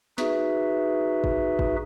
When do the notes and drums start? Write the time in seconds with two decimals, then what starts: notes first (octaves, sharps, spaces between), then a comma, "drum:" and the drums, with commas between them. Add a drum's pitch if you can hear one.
0.18 D#4 F#4 G#4 B4 E5, drum: snare
1.24 drum: kick
1.59 drum: kick